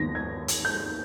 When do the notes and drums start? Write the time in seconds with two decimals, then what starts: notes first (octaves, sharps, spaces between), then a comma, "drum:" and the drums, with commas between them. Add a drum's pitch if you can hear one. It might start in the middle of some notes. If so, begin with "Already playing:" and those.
Already playing: D#2 D#3 B3 A#6
0.15 G#6
0.48 drum: hi-hat
0.65 G6